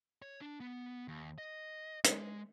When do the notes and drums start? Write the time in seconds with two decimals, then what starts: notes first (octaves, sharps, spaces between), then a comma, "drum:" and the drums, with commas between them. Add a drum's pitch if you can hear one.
0.22 C#5
0.41 D4
0.60 B3
1.08 D#2
1.38 D#5
2.05 G#3, drum: hi-hat